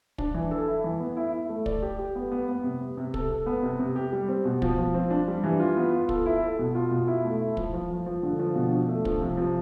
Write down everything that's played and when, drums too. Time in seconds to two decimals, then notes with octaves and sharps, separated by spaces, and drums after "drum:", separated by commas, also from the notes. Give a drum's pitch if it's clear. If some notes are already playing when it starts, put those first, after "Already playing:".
0.18 D4, drum: kick
0.34 E3
0.51 A4
0.67 E4
0.84 E3
1.00 B3
1.17 E4
1.33 E4
1.49 A3
1.66 D5, drum: kick
1.82 G4
1.99 G4
2.15 B3
2.32 B3
2.48 B3
2.64 C3
2.81 C3
2.97 C3
3.14 A4, drum: kick
3.30 A4
3.46 B3
3.63 C3
3.79 C3
3.96 G4
4.12 G3
4.28 C4
4.45 B2
4.62 F3, drum: kick
4.78 F3
4.94 C4
5.10 D4
5.28 G3
5.44 E3
5.60 F4
5.76 B3
5.93 F4
6.09 A4, drum: kick
6.26 E4
6.42 A4
6.59 B2
6.75 F4
6.91 B2
7.07 E4
7.24 A3
7.41 E4
7.57 F3, drum: kick
7.74 F3
7.90 F3
8.06 F3
8.23 D3
8.39 F3
8.55 B2
8.72 D4
8.88 A3
9.05 F3, drum: kick
9.21 C3
9.37 F3